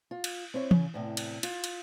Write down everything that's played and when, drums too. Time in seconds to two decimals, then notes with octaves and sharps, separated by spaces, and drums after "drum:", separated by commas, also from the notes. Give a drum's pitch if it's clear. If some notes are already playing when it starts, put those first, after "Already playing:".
0.11 F4
0.24 drum: cymbal
0.54 C4 E4 C#5
0.71 C#3, drum: tom E3
0.94 E2 A2 C3
1.17 drum: cymbal
1.43 F4, drum: cymbal
1.64 drum: cymbal